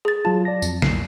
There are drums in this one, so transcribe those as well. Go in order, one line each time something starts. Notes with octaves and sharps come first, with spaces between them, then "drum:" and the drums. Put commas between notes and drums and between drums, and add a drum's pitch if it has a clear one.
G#4 A6
F#3 F4 A5
D5 A#6
F2, drum: tambourine
B1 C7, drum: snare